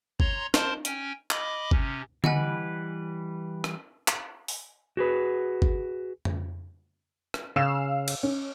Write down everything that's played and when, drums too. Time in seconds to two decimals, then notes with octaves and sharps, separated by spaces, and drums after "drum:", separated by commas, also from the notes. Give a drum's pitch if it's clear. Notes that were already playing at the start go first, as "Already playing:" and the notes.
0.20 C#5 A#5 C6, drum: kick
0.54 A#4 C5 A5 C6, drum: snare
0.85 C#4 G5 G#5, drum: hi-hat
1.31 D#5 B5 D6, drum: clap
1.71 C3 C#4, drum: kick
2.24 E3 G3 B4 D#5 F#5 G#5, drum: tom D3
3.64 drum: rim click
4.08 drum: clap
4.48 drum: open hi-hat
4.97 F#4 G#4 B4
5.62 drum: kick
6.25 drum: tom F2
7.34 drum: rim click
7.56 C#3 F5 E6 E7
8.08 drum: cymbal
8.23 C#4